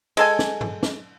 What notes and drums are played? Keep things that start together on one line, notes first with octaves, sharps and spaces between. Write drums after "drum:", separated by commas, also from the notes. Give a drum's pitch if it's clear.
G#3 A4 G#5, drum: cymbal
drum: snare
drum: tom G2
drum: snare